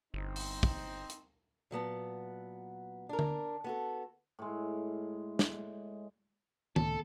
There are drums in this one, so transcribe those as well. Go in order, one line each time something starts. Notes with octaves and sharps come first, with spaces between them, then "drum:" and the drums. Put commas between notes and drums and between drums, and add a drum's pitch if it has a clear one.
G1 C4 D#4
drum: open hi-hat
drum: kick
drum: hi-hat
A#2 F#3 B3 A5
D4 A#4
drum: tom D3
B3 F#4 A4
A2 G#3
drum: snare
C#2 A2 A4, drum: tom D#3